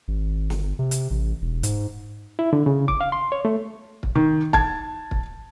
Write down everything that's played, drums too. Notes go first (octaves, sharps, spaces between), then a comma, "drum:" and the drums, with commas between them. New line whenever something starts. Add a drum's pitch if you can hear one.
G#1
G1, drum: snare
C3
drum: hi-hat
A1
E1
G#2, drum: hi-hat
E4
D3
C#3
D6, drum: kick
F5
C6
C#5
A3
drum: kick
D#3
A5 G#6, drum: kick
drum: kick